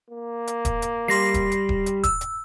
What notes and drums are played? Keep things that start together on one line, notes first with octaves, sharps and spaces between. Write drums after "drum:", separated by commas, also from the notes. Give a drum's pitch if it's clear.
A#3
drum: hi-hat
drum: kick D#1, hi-hat
drum: hi-hat
G3 C6 A#6 C7
drum: kick D#1, hi-hat
drum: hi-hat
drum: kick D#1
drum: hi-hat
E6, drum: kick D#1, hi-hat
drum: hi-hat